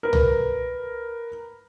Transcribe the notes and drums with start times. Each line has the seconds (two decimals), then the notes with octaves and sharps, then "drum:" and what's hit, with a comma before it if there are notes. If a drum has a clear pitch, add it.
0.03 A#4 B4
0.13 drum: tom